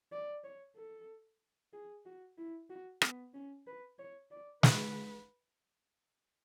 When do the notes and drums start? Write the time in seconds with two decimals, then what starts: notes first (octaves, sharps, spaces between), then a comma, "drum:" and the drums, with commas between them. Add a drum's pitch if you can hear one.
0.12 D5
0.44 C#5
0.76 A4
1.73 G#4
2.05 F#4
2.38 E4
2.70 F#4
3.02 B3, drum: rim click
3.34 C#4
3.67 B4
3.99 C#5
4.31 D5
4.63 B4, drum: snare